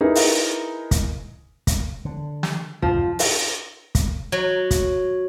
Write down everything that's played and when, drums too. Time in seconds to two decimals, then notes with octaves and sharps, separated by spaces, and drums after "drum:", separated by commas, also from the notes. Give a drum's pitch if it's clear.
0.01 D#4 E4 G#4 A#4 B4
0.15 drum: open hi-hat
0.91 drum: kick, hi-hat
1.67 drum: kick, hi-hat
2.05 D3
2.43 drum: snare
2.82 C2 F2 G#2 F3
3.19 drum: open hi-hat
3.95 drum: kick, hi-hat
4.32 F#3
4.71 drum: kick, hi-hat